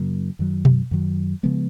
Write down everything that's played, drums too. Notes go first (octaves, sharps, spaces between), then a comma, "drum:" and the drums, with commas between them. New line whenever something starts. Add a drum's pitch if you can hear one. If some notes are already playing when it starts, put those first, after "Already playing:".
Already playing: F#2 C#3 F#3 A#3
F#2 D#3 F#3
drum: tom B2
F#2 D#3 F#3
C#3 F3 G#3 B3